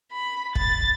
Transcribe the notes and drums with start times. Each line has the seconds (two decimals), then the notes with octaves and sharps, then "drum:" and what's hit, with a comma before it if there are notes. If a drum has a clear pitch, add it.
0.12 B5
0.55 A6, drum: kick